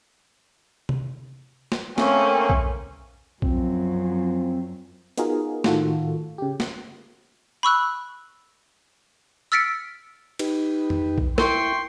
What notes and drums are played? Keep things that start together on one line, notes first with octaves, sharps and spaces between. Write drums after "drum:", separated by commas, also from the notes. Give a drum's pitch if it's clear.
drum: tom C3
drum: snare
A3 A#3 C4 C#4, drum: snare
drum: kick A#1
F#2 F3 C4, drum: kick A#1
B3 D#4 F4 F#4 G#4 A#4, drum: hi-hat
A2 D#3 F4 F#4 A4, drum: snare
C#3 G4
drum: snare
B5 C#6 E6 F#6
E6 F6 A6 B6 C#7 D7
D#4 G4 B4, drum: cymbal
drum: tom F2
drum: kick A#1
E4 A#4 G5 C6 C#6, drum: snare